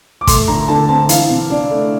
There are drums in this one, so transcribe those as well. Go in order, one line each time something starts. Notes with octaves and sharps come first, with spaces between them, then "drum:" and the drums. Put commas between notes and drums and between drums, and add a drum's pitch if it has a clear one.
D6
A3 C6, drum: kick, hi-hat
D3 A#5
D3 A5
C4 A5
E3 F5, drum: hi-hat
C3
D4
A3